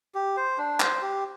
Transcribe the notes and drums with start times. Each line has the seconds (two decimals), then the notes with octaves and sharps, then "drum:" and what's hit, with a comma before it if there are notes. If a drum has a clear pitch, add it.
0.15 G4
0.37 C5
0.58 D4
0.80 C5, drum: clap
1.02 G4